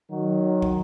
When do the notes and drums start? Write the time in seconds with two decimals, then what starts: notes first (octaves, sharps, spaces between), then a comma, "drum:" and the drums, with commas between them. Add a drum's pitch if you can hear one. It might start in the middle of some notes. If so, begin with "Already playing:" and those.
0.11 D#3 F#3
0.62 drum: kick